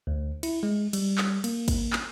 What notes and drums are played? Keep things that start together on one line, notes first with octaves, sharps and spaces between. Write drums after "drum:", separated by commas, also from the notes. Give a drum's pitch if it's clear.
D2
E4, drum: cymbal
G#3
G3, drum: cymbal
drum: clap
A#3, drum: cymbal
drum: kick, cymbal
drum: clap